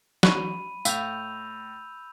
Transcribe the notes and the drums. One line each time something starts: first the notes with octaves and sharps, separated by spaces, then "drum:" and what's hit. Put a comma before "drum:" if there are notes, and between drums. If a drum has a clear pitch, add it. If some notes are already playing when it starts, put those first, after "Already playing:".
B5 C#6 F#6 D#7, drum: snare
A2 F5 E6 G6 F7, drum: tambourine